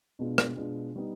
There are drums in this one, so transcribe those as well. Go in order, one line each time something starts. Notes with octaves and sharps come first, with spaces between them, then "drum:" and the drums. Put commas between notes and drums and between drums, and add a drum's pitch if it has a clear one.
B2 G#3 B3 D4 F4
drum: rim click
B2 G#3 B3 D4 F4
G3 B3 D#4